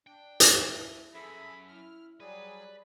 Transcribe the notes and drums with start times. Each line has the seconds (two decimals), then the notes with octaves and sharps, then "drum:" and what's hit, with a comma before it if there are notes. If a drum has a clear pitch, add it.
0.07 D4 G5
0.40 drum: hi-hat
0.67 F3 E4 D#6
1.15 F#2 G#4 A4 E5 B5
1.68 E4 F6
2.20 F#3 G3 G#4 B4 D5